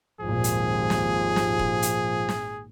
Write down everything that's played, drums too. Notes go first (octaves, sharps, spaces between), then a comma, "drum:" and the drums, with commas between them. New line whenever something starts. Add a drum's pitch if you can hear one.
G#1 D#2 A#2 F3 G#4
drum: hi-hat
drum: snare
drum: snare
drum: kick E1
drum: hi-hat
drum: snare